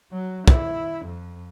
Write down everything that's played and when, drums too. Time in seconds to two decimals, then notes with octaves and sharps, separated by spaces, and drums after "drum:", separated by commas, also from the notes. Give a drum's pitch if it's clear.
0.12 F#3
0.48 E4, drum: kick
1.05 F2